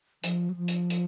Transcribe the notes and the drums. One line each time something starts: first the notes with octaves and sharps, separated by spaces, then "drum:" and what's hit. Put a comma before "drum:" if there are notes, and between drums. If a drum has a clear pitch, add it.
F3, drum: hi-hat
F#3
F3
drum: hi-hat
drum: hi-hat